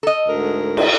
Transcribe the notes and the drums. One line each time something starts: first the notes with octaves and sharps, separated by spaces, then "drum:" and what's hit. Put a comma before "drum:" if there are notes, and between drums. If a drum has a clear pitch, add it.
A4 D#5
D2 G#2 A#4
drum: cymbal